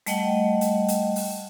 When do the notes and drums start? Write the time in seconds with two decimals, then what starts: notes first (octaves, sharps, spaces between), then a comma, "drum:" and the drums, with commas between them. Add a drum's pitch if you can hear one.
0.06 G3 A3 D#5 F#5 G5, drum: hi-hat
0.61 drum: hi-hat
0.88 drum: hi-hat
1.16 drum: open hi-hat